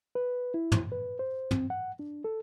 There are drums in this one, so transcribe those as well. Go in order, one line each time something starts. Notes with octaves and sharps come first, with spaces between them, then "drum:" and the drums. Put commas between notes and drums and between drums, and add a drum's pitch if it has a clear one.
B4
E4
drum: tom
B4
C5
C4, drum: tom
F#5
D4
A4